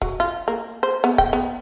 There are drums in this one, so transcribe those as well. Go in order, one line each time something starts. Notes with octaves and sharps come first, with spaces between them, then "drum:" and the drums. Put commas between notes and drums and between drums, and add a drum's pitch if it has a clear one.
F#3, drum: kick
F4
A#3
C5
B3
G5, drum: kick
B3